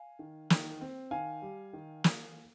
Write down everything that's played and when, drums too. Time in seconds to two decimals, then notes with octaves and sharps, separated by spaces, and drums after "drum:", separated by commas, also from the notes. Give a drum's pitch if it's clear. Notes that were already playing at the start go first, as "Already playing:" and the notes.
Already playing: F5 G#5
0.19 D#3
0.50 D#3, drum: snare
0.81 C4
1.11 D#3 F5 G#5
1.42 G3
1.73 D#3
2.04 drum: snare